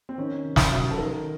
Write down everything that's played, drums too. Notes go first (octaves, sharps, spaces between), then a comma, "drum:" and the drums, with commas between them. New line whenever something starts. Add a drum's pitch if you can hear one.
C4
D#3 C#4
C3
drum: snare
F#3
A4
D#3 A#4